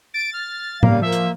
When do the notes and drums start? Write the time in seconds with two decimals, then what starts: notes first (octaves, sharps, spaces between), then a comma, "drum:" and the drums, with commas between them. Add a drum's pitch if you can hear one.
0.14 A6 D7
0.33 F6
0.83 C#3 G3 A#3 F5, drum: tom A2
1.02 F3 A#3 E5
1.12 drum: hi-hat